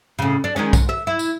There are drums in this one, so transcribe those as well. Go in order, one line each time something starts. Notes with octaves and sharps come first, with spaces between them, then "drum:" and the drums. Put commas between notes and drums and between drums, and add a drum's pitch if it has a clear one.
A2 C#3
D4
D#3 G#3 C#4
G#2, drum: kick, tambourine
E5
E4
drum: tambourine